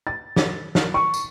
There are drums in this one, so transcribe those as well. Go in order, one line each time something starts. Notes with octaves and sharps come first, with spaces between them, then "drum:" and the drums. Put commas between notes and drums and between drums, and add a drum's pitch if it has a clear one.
A6
drum: snare
drum: snare
C#6
drum: tambourine